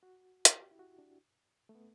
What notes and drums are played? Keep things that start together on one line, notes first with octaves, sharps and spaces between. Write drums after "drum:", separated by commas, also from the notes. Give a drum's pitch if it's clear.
F#4
drum: hi-hat
G4
E4
F#4
D4
A3
B3